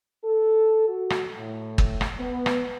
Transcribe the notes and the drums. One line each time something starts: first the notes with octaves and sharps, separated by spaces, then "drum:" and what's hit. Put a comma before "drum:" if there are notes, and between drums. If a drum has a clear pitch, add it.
A4
F#4
drum: rim click
A2
drum: kick
drum: rim click
B3
drum: rim click